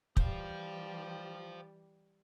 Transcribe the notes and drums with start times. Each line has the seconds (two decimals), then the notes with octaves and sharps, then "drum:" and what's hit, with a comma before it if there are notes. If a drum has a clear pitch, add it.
0.17 E3 G3 G4 C5 F5, drum: kick